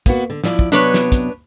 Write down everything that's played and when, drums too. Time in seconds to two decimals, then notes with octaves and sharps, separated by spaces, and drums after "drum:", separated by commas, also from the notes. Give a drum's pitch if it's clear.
0.06 A#3 B3 F#4, drum: kick, hi-hat
0.30 D3
0.44 F3 E4 D5, drum: snare
0.59 drum: kick
0.72 C3 F#3 B3 D4 B4 C#5
0.94 drum: snare
1.12 drum: kick, hi-hat